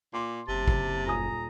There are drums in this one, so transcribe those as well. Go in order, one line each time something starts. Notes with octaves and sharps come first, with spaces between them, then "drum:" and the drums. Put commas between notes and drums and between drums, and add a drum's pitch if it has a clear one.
A#2 C6 D6
F#1 C3 A5
drum: kick
D#1 G#5 A#5 D#6